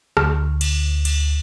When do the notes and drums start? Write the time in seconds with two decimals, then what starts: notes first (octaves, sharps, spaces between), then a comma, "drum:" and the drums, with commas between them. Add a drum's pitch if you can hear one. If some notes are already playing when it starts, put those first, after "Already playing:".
0.17 D2, drum: rim click
0.61 drum: cymbal
1.05 drum: cymbal